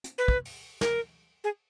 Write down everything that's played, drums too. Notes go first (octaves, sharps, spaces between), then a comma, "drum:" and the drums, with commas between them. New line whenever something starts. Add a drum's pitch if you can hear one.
drum: hi-hat
B4
drum: kick
drum: open hi-hat
A#4, drum: snare
G#4